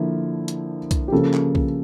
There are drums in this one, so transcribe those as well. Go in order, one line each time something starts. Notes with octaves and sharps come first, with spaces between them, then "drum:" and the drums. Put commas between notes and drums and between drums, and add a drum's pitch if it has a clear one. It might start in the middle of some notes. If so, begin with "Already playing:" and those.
Already playing: D3 F3 A#3 E4
drum: hi-hat
drum: kick B1, hi-hat
G4
C#3 F3 A#3 A4
drum: clap
drum: kick B1